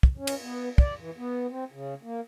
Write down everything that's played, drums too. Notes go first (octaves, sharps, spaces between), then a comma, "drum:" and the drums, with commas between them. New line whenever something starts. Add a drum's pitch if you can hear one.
drum: kick
C#4
drum: cymbal
B3
D5, drum: kick
E3
B3
C4
C#3
A#3